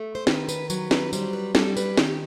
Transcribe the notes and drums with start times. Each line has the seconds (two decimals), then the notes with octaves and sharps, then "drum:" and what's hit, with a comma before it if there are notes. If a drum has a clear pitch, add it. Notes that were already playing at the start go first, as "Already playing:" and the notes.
Already playing: A3
0.15 C5
0.27 D#3 B4, drum: snare
0.49 B4, drum: tambourine
0.70 F#3 B4, drum: tambourine
0.91 B4, drum: snare
1.13 G3 C5, drum: tambourine
1.33 B4
1.55 G3 A4, drum: snare
1.77 B4, drum: tambourine
1.97 D#3 G4, drum: snare